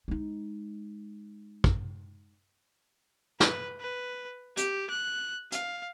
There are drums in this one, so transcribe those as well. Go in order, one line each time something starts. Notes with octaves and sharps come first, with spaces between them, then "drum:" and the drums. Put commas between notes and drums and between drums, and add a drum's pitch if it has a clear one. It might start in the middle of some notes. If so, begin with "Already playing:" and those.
G#3 D#4
drum: kick
B4, drum: snare
B4
G4, drum: hi-hat
F#6
F5, drum: hi-hat